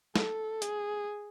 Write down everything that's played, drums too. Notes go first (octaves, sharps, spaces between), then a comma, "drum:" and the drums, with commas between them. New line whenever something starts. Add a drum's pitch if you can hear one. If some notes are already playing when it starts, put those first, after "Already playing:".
A4, drum: snare
G#4, drum: hi-hat